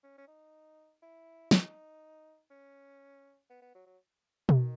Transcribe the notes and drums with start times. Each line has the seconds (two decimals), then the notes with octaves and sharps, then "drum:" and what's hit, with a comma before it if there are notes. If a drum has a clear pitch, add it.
0.03 C#4
0.18 C#4
0.28 D#4
1.02 E4
1.51 D#4, drum: snare
2.50 C#4
3.50 B3
3.62 B3
3.75 F#3
3.86 F#3
4.49 D#3, drum: tom B2